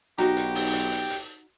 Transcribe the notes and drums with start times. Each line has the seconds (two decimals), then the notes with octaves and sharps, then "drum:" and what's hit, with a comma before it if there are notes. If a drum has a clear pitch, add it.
0.18 B1 D#4 F#4 G4 A#5, drum: hi-hat
0.37 drum: hi-hat
0.55 drum: open hi-hat
0.73 drum: hi-hat
0.92 drum: hi-hat
1.10 drum: hi-hat